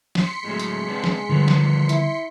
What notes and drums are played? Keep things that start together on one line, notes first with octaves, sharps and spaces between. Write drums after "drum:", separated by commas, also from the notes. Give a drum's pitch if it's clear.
C6 B6 C#7, drum: snare
A2 F#3 G#3
drum: hi-hat
C3 B3 D4
drum: snare
D3 D#3 F3 G3 B3
drum: snare
E4, drum: hi-hat